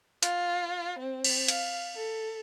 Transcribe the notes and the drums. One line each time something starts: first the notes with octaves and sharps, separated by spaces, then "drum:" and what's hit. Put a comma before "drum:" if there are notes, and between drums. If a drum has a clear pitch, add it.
F4, drum: hi-hat
C4
drum: cymbal
F5, drum: hi-hat
A4